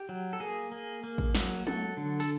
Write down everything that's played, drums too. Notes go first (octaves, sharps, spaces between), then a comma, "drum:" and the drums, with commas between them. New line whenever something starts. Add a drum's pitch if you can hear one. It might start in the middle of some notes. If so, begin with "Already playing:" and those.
Already playing: G4
F#3
A4
A#3 G#4
A#3
A#3
drum: kick A1
F#3, drum: snare
F#3 A4, drum: tom
D3
A4, drum: open hi-hat